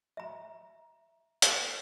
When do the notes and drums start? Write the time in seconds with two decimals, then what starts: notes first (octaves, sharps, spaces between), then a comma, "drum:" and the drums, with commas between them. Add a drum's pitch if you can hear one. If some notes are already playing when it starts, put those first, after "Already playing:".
0.17 E5 A#5
1.42 drum: hi-hat